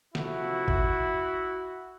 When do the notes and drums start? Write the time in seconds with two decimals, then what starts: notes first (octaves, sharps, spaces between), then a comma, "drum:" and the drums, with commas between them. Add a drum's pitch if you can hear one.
0.15 C3 F3 A3 E4 F#4, drum: snare
0.68 drum: kick G#1